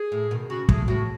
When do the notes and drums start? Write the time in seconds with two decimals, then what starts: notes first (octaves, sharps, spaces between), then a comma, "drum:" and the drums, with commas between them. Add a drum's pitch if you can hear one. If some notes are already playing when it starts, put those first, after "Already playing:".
Already playing: G#4
0.12 A2
0.31 B2 D#3
0.49 C#3 F#4
0.69 A2 G#4, drum: kick
0.87 A2 F#4